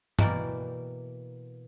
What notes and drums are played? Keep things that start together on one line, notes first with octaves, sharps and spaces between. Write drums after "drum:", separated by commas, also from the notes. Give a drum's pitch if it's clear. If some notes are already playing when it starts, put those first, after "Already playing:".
B2 E3 A#3 A#4 D5 G5, drum: tom